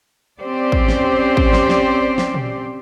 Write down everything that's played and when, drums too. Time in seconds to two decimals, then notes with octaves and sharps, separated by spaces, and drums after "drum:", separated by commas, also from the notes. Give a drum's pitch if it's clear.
0.40 C4 C#4 G4 C5 D5
0.72 drum: kick
0.88 drum: snare
1.37 drum: kick
1.53 drum: snare
1.69 drum: snare
2.18 drum: snare
2.34 drum: tom